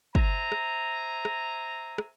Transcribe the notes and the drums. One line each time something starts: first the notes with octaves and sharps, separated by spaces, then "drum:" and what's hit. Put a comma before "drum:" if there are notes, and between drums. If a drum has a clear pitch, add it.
C5 E5 G#5 A#5, drum: kick
drum: rim click
drum: rim click
drum: rim click